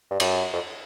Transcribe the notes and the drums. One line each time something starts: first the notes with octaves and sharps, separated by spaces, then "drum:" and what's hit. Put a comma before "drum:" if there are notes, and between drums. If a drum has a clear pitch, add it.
G2
F#2, drum: cymbal
F2